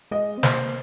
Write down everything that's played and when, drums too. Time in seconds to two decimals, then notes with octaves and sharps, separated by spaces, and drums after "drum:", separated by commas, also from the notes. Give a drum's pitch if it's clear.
0.11 G#3 D#5
0.38 C4
0.43 A#3 C5, drum: snare